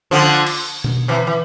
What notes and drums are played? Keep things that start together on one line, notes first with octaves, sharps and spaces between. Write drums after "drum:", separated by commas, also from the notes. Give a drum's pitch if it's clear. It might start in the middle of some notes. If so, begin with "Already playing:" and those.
D3 F3
drum: cymbal
drum: tom B2
C3 E3
E3